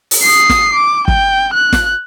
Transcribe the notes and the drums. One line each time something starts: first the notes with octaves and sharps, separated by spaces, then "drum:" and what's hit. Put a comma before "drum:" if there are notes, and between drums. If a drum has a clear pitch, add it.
drum: open hi-hat
D#6 C7
drum: snare
D6
G5, drum: kick
F#6
drum: snare